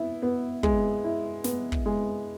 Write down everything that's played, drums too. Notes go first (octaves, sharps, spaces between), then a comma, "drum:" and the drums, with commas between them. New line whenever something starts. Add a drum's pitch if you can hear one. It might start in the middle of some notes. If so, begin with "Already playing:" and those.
Already playing: B3 E4
B3
G#3, drum: kick
E4
B3, drum: snare
drum: kick
G#3